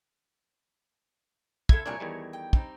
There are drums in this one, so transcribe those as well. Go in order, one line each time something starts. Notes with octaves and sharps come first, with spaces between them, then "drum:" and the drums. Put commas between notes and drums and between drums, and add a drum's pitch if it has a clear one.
C3 E4 F4 A4 G#6, drum: kick
C2 A#2 A3 D4 A#4 C#5 G#5
E2 D#3 G3
G5
G3 C4 D#4, drum: kick